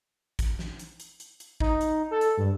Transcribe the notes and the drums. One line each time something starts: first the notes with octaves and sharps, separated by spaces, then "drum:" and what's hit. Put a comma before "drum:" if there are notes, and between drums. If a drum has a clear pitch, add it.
drum: kick, hi-hat
drum: snare
drum: hi-hat
drum: hi-hat
drum: hi-hat
drum: hi-hat
D#4, drum: kick
drum: hi-hat
A4
drum: hi-hat
G2